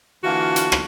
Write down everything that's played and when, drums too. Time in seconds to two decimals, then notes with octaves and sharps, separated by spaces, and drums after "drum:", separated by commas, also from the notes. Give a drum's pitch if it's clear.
0.24 D3 E3 A#3 F4 F#4
0.56 drum: hi-hat
0.72 drum: rim click